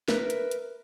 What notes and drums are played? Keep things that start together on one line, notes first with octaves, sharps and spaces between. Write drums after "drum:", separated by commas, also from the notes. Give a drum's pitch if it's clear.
A#4 B4 E5, drum: snare
drum: hi-hat
drum: hi-hat